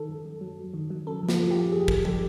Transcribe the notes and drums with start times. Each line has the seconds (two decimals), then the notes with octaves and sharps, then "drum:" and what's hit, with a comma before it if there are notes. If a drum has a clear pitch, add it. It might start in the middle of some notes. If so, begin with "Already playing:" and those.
Already playing: D#3 A4
0.09 F#2
0.25 F#2
0.41 F#3
0.58 F#2
0.74 D#3
0.90 F#3
1.07 C#3 A4
1.23 F3
1.29 F4, drum: snare
1.40 F#2
1.50 G4
1.56 F3
1.72 F#2 G#4
1.88 F#2 A4, drum: kick
2.05 F3 G4, drum: tom F#3